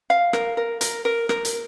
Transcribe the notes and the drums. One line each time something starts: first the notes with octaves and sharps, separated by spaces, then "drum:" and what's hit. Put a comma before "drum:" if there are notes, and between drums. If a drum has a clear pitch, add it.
F5
A#4, drum: rim click
A#4
A#4, drum: hi-hat
A#4
A#4, drum: rim click
drum: hi-hat